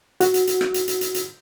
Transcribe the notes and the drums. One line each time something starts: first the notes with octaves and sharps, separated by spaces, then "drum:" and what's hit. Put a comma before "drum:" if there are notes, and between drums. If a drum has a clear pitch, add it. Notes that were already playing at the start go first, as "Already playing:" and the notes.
F#4, drum: hi-hat
drum: hi-hat
drum: hi-hat
drum: rim click
drum: hi-hat
drum: hi-hat
drum: hi-hat
drum: hi-hat